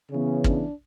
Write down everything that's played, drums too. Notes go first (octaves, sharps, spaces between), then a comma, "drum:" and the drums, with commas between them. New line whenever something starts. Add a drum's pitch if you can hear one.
C#3 E3 B3 C#4
D4, drum: kick